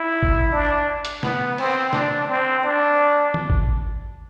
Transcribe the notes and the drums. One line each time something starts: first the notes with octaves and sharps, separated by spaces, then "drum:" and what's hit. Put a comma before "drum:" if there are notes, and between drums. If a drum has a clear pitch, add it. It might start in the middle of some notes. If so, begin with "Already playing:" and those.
Already playing: E4
drum: kick G#1
D4
drum: hi-hat
B3, drum: snare
C4, drum: cymbal
D4, drum: snare
C4
D4
drum: tom D#3
drum: kick G#1